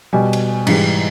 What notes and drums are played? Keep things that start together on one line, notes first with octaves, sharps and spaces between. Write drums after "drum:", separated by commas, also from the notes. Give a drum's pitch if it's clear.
B2 G3 G#5
drum: cymbal
G#2 E3 G3, drum: cymbal